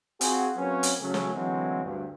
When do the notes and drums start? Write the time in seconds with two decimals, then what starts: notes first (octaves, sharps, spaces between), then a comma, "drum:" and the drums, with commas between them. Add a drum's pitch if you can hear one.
0.21 C4 F4 F#4 G#4, drum: hi-hat
0.56 F#3 A#3 C4 C#4 B4 C#5
0.83 drum: hi-hat
1.00 C#3 F#3 A3 C#4 G#4 A4
1.14 drum: snare
1.34 D3 E3 F#3 G#3 A3 C4
1.83 D2 G2